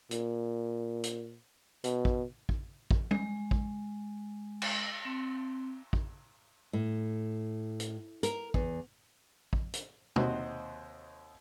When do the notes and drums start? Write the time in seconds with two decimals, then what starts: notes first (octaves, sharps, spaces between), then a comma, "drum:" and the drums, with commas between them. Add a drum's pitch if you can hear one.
0.11 A#2, drum: hi-hat
1.04 drum: hi-hat
1.84 B2, drum: hi-hat
2.05 drum: kick
2.49 drum: kick
2.91 drum: kick
3.11 G#3, drum: tom G3
3.51 drum: kick
4.62 drum: cymbal
5.05 C4
5.93 drum: kick
6.73 A2
7.80 drum: hi-hat
8.23 A#4, drum: hi-hat
8.54 E2, drum: kick
9.53 drum: kick
9.73 drum: hi-hat
10.16 D#2 C3 D#4 F#4 C5, drum: tom B2